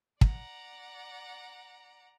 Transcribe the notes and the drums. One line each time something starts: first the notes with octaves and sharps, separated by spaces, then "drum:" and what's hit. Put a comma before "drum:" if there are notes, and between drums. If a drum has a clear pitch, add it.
D5 F#5 A#5, drum: kick